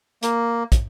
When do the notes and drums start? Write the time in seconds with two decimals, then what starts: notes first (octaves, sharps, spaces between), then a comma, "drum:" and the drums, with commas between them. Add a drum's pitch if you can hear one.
0.23 A#3, drum: hi-hat
0.72 drum: kick, hi-hat